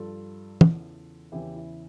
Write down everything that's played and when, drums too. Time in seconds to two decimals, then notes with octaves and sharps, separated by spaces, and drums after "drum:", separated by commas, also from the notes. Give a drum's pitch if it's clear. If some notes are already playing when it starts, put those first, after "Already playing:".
Already playing: G2 F3 F4 A4
0.61 E2 C#3 E3, drum: tom
1.32 E2 C#3 E3 E4 G4
1.56 E4